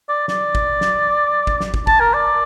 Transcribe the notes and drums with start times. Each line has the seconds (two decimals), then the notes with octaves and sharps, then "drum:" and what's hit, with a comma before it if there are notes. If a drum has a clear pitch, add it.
0.09 D5
0.28 D5, drum: snare
0.55 drum: kick
0.81 drum: snare
1.47 drum: kick
1.61 drum: snare
1.74 drum: kick
1.87 A5, drum: kick
2.00 A#4
2.13 D5